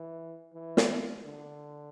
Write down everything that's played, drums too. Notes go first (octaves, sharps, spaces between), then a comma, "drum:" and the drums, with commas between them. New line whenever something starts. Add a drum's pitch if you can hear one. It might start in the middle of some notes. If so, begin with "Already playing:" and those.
Already playing: E3
E3
drum: snare
D3